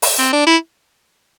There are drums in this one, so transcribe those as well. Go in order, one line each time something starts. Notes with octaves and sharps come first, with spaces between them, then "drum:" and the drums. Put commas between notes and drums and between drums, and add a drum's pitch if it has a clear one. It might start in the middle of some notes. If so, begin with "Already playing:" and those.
drum: open hi-hat
C4
D4
E4